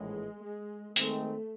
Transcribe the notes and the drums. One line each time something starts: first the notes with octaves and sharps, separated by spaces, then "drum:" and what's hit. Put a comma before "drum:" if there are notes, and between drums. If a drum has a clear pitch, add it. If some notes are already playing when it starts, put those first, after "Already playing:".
Already playing: A#1 A2 E3 G#3
G#3
D#3 G#3 A3 C4, drum: open hi-hat